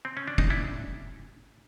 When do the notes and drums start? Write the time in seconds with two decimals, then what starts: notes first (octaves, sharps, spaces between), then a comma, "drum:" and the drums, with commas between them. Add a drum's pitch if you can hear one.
0.05 C4
0.17 C#4
0.28 D4
0.38 D#4, drum: kick
0.50 D4 E4